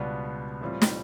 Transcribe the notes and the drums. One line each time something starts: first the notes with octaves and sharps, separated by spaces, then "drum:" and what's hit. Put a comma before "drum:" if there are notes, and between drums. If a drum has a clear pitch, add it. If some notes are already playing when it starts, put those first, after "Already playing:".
Already playing: C#2 B2 G3 B3 D4
A2 E3 G3 C4 F4
drum: snare